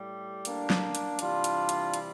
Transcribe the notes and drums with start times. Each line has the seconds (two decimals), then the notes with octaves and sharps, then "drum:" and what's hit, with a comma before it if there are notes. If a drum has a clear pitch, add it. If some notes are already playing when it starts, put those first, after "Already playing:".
Already playing: A2 G3
0.45 A#3 D4, drum: hi-hat
0.70 drum: snare
0.95 drum: hi-hat
1.19 C3 E3 G3 D4 F4, drum: hi-hat
1.44 drum: hi-hat
1.69 drum: hi-hat
1.94 drum: hi-hat